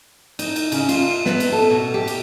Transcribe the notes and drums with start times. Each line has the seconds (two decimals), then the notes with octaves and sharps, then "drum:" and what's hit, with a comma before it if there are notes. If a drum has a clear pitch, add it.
0.39 D#4, drum: cymbal
0.56 drum: cymbal
0.72 C#3, drum: cymbal
0.89 F4, drum: cymbal
1.26 B3, drum: snare
1.40 drum: cymbal
1.52 A4
1.70 B2
1.94 G4
2.08 drum: cymbal